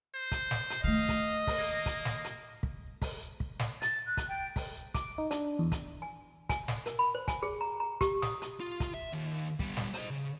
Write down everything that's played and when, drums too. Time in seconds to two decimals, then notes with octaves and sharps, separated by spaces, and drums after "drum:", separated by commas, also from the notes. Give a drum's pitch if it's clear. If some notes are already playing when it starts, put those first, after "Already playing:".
0.14 C5
0.32 drum: kick, hi-hat
0.51 drum: snare
0.70 drum: hi-hat
0.84 D#3 A3 D#5 F5
1.09 drum: kick, hi-hat
1.47 drum: kick, open hi-hat
1.59 A#3
1.86 drum: kick, hi-hat
2.05 drum: snare
2.24 drum: hi-hat
2.63 drum: kick
3.02 drum: kick, open hi-hat
3.40 drum: kick
3.59 drum: snare
3.82 A6, drum: hi-hat
4.06 F#6
4.17 drum: kick, hi-hat
4.28 G5
4.56 drum: kick, open hi-hat
4.94 D6, drum: kick, hi-hat
5.18 D#4
5.31 D4, drum: hi-hat
5.59 E2
5.72 drum: kick, hi-hat
6.02 G#5
6.49 G#5, drum: kick, hi-hat
6.68 drum: snare
6.86 A#4, drum: hi-hat
6.99 B5
7.15 C5
7.28 G#5, drum: kick, hi-hat
7.43 G#4
7.61 A#5
7.80 A#5
8.01 G4, drum: kick, hi-hat
8.22 D#6, drum: snare
8.42 drum: hi-hat
8.60 F4
8.80 drum: kick, hi-hat
8.94 E5
9.13 D#2
9.59 G3 B3, drum: kick
9.77 drum: snare
9.94 C5 D#5, drum: hi-hat
10.10 C#3